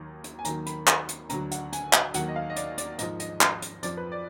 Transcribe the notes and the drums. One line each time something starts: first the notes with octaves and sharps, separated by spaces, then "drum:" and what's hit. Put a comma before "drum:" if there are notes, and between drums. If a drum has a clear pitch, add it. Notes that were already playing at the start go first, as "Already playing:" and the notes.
Already playing: D#2 D#3 F#3
drum: hi-hat
G#5
D#2 D#3 F#3 A#5, drum: hi-hat
B5, drum: hi-hat
drum: clap
drum: hi-hat
D2 D3 F#3 A#5, drum: hi-hat
F#5, drum: hi-hat
G#5, drum: hi-hat
drum: clap
D#2 D#3 F#3 F#5, drum: hi-hat
D#5
F5
D#5
D5, drum: hi-hat
D5, drum: hi-hat
G#2 F3 D#5, drum: hi-hat
D#5, drum: hi-hat
drum: clap
drum: hi-hat
F2 F3 D5, drum: hi-hat
B4
D5